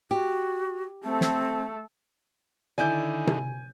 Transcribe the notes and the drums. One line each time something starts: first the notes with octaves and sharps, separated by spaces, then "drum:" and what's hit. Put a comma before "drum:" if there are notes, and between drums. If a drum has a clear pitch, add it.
F#4 G4
A3 C4 A4
drum: snare
D3 D#3 E4 A4 D5 G#5 G6
drum: tom C3